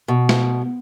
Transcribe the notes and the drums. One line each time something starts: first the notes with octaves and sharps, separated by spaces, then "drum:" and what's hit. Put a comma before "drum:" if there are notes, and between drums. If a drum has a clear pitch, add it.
B2
drum: snare